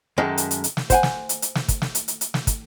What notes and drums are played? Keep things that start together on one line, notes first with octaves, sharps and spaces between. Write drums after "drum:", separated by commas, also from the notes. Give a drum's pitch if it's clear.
F#2 D#3 G#3 A3
drum: hi-hat
drum: hi-hat
drum: hi-hat
drum: snare
C5 F#5 G#5, drum: kick, hi-hat
drum: snare
drum: hi-hat
drum: hi-hat
drum: snare
drum: kick, hi-hat
drum: snare
drum: hi-hat
drum: hi-hat
drum: hi-hat
drum: snare
drum: kick, hi-hat